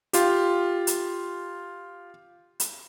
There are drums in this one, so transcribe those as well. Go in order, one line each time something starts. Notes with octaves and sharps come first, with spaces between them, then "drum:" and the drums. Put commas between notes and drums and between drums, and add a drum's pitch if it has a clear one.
F4 G4, drum: hi-hat
drum: hi-hat
drum: hi-hat